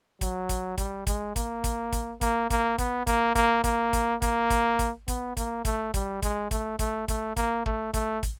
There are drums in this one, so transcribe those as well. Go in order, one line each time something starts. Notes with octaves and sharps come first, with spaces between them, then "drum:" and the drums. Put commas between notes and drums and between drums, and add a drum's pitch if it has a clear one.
F#3, drum: kick, hi-hat
drum: kick, hi-hat
G3, drum: kick, hi-hat
G#3, drum: kick, hi-hat
A#3, drum: kick, hi-hat
drum: kick, hi-hat
drum: kick, hi-hat
A#3, drum: kick, hi-hat
A#3, drum: kick, hi-hat
B3, drum: kick, hi-hat
A#3, drum: kick, hi-hat
A#3, drum: kick, hi-hat
A#3, drum: kick, hi-hat
drum: kick, hi-hat
A#3, drum: kick, hi-hat
drum: kick, hi-hat
drum: kick, hi-hat
B3, drum: kick, hi-hat
A#3, drum: kick, hi-hat
A3, drum: kick, hi-hat
G3, drum: kick, hi-hat
G#3, drum: kick, hi-hat
A3, drum: kick, hi-hat
A3, drum: kick, hi-hat
A3, drum: kick, hi-hat
A#3, drum: kick, hi-hat
A3, drum: kick
A3, drum: kick, hi-hat
drum: kick, hi-hat